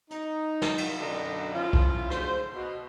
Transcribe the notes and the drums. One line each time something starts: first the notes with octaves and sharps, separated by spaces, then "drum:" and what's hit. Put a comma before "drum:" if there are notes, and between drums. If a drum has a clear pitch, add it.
D#4, drum: hi-hat
drum: snare
drum: cymbal
F#2 B2 D3 D4 D#4
F3 C#4 E4 F4
drum: kick B1
D2 G#2 C5, drum: rim click
B2